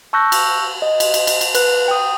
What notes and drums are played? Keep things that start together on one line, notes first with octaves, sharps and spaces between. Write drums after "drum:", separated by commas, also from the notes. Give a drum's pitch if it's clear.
A5 C#6 E6 F#6 G6 A#6
drum: cymbal
D#5
drum: cymbal
drum: cymbal
drum: cymbal
drum: cymbal
B4 F#6, drum: cymbal
G5 D#6